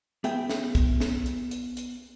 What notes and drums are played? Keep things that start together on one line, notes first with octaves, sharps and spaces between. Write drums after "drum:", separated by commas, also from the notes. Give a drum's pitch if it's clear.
B3 G#4 E5 G5, drum: hi-hat
drum: snare
drum: kick, hi-hat
drum: snare
drum: hi-hat
drum: hi-hat
drum: hi-hat